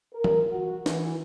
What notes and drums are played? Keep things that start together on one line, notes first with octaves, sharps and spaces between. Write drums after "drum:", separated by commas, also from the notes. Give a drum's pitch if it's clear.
A#4
drum: tom E3
F#4
E3, drum: snare